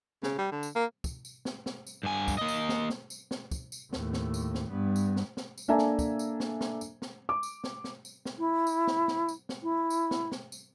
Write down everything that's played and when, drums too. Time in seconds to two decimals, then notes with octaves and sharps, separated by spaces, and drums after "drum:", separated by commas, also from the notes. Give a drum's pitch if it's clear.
0.23 C#3, drum: snare
0.38 G3
0.52 D3
0.63 drum: tambourine
0.75 A#3
1.04 drum: kick, tambourine
1.25 drum: tambourine
1.45 drum: snare
1.66 drum: snare
1.87 drum: tambourine
2.03 G2 G#5
2.28 drum: kick, tambourine
2.38 A#3 D#5
2.48 drum: tambourine
2.69 drum: snare
2.90 drum: snare
3.10 drum: tambourine
3.31 drum: snare
3.51 drum: kick, tambourine
3.72 drum: tambourine
3.93 D#2 A2, drum: snare
4.13 drum: snare
4.34 drum: tambourine
4.54 drum: snare
4.70 G2 B3
4.96 drum: tambourine
5.16 drum: snare
5.37 drum: snare
5.58 drum: tambourine
5.68 A#3 D4 A4 E5 G#5 A#5
5.78 drum: snare
5.99 drum: kick, tambourine
6.19 drum: tambourine
6.40 drum: snare
6.61 drum: snare
6.81 drum: tambourine
7.02 drum: snare
7.29 D6
7.43 drum: tambourine
7.64 drum: snare
7.84 drum: snare
8.05 drum: tambourine
8.25 drum: snare
8.38 E4
8.67 drum: tambourine
8.87 drum: snare
9.08 drum: snare
9.29 drum: tambourine
9.49 drum: snare
9.63 E4
9.90 drum: tambourine
10.11 drum: snare
10.32 drum: snare
10.52 drum: tambourine